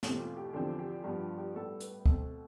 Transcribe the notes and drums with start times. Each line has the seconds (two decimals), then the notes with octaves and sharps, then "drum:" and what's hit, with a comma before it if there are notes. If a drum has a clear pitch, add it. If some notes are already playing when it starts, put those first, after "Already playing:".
0.03 E2 B2 A3 C4 G4, drum: snare
0.20 F4
0.37 G4
0.53 E2 D3 F3 C4 G4
0.79 G4
1.04 G2 F3 B3 G4
1.21 F4
1.38 G4
1.55 A2 G3 B3 A4
1.80 B4, drum: hi-hat
1.99 B4
2.06 B2 A3 C4 A4, drum: kick